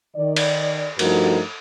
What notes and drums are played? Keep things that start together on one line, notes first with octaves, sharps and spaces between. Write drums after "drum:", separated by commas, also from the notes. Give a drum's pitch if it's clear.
D#3 D5
drum: cymbal
G2 F3 A3 D#4 F#4 A#4, drum: cymbal